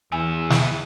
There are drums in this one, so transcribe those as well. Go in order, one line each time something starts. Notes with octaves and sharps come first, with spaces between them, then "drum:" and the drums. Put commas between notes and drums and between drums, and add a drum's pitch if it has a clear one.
E2 B3 E5 G#5
drum: snare